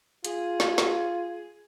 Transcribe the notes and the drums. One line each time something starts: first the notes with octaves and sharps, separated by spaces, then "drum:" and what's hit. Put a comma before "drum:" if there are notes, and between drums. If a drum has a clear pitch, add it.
F4 G#4, drum: hi-hat
drum: snare
drum: snare